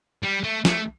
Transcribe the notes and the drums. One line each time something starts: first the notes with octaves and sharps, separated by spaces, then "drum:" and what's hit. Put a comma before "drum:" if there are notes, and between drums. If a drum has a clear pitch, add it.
G3
A3
A3, drum: snare